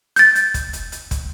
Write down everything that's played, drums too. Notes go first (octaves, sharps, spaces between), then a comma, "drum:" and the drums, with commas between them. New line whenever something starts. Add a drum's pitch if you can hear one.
G6 A6, drum: hi-hat
drum: hi-hat
drum: kick, hi-hat
drum: hi-hat
drum: hi-hat
drum: kick, hi-hat